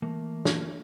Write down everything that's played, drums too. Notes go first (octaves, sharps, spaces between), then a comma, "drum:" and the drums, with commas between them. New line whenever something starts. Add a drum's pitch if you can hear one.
E3 A3 A#3
drum: snare